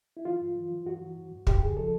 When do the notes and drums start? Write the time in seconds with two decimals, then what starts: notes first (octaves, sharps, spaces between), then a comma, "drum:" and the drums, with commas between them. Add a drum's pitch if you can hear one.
0.17 E4
0.25 E3 F4
0.41 G2
0.56 E3
0.71 E3
0.86 G2 F#4
1.01 E3
1.17 G2
1.32 G2
1.47 E2 G4, drum: kick
1.62 C#3 G#4
1.77 F3 A4